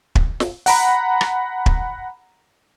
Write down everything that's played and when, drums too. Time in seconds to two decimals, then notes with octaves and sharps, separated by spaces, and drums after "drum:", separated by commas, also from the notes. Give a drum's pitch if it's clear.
0.15 drum: kick
0.40 drum: snare
0.66 F#5 A#5 B5, drum: open hi-hat
1.21 drum: rim click
1.66 drum: kick